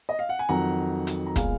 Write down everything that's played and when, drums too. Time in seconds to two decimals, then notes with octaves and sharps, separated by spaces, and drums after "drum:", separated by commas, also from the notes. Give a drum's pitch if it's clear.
0.09 D#5
0.19 F5
0.29 F#5
0.39 G#5
0.49 F2 D#3 F#3 F#5 A#5
1.07 drum: hi-hat
1.27 A#5
1.36 A#2 G#3 B3 F5 G#5, drum: kick, hi-hat